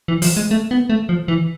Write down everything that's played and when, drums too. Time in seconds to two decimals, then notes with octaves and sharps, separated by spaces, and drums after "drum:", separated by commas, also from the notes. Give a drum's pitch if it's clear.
0.08 E3
0.22 F3, drum: open hi-hat
0.37 G#3
0.51 A3
0.71 B3
0.90 A3
1.09 F3
1.28 E3